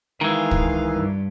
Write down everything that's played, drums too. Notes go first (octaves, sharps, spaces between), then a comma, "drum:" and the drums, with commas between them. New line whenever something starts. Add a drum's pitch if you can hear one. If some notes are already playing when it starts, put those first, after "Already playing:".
D#3 E3 G#3 F5
drum: kick
G2